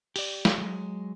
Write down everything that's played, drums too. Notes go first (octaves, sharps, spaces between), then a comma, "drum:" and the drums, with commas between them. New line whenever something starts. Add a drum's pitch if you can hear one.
G4 D5, drum: open hi-hat
drum: snare
F#3 G#3